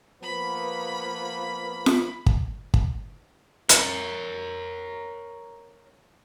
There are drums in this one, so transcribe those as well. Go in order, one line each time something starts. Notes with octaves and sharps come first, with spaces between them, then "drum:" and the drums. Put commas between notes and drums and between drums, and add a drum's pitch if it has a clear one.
F3 A#3 B3 B5
drum: snare F4
drum: kick
drum: kick
A#4 C#5, drum: hi-hat